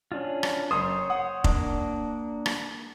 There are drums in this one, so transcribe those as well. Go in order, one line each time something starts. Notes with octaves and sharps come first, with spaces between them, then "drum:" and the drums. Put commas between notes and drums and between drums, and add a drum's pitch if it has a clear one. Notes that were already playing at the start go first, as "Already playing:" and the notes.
C#4 D4 F4
drum: rim click
F#1 C5 C#5 C6 D#6
F#5 D#6
A#3 D4, drum: kick F1
drum: rim click